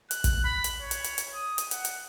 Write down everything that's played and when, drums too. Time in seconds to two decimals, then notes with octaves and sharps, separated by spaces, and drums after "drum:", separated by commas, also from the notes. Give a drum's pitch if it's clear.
0.11 F#6, drum: hi-hat
0.24 drum: kick, hi-hat
0.45 B5
0.64 drum: hi-hat
0.81 C#5
0.91 drum: hi-hat
1.04 drum: hi-hat
1.18 drum: hi-hat
1.35 D#6
1.58 drum: hi-hat
1.71 F#5, drum: hi-hat
1.85 drum: hi-hat